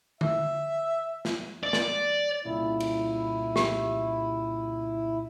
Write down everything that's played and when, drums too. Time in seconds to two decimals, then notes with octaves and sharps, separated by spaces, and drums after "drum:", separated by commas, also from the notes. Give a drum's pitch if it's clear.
0.21 E5, drum: tom D3
1.25 drum: snare
1.64 D5
1.73 drum: snare
2.45 C2 A#2 C#3 E4
2.80 drum: cymbal
3.56 G4, drum: snare